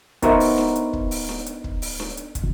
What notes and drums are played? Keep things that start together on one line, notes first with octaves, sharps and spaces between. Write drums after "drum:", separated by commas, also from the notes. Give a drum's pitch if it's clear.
B3 D#4 F#4 A#4 C5 E5, drum: kick, hi-hat
drum: open hi-hat
drum: snare D4
drum: hi-hat
drum: kick
drum: open hi-hat
drum: snare D4
drum: hi-hat
drum: kick
drum: open hi-hat
drum: snare D4
drum: hi-hat
drum: kick, hi-hat